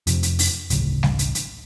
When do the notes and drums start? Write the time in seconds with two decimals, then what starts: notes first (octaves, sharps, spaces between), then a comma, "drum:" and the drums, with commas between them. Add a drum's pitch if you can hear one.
0.07 F2 C3, drum: hi-hat
0.23 drum: hi-hat
0.39 drum: open hi-hat
0.70 D1 A1 C#3, drum: hi-hat
1.03 drum: snare G3
1.19 drum: hi-hat
1.35 drum: hi-hat